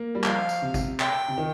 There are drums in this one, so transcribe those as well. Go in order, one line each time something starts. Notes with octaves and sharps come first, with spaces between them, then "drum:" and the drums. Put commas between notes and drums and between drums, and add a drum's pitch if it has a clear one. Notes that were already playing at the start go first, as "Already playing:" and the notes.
Already playing: A#3
G3
F3 F5, drum: clap
drum: tambourine
C3
drum: kick G#1, tambourine
G5, drum: clap
C3
D#3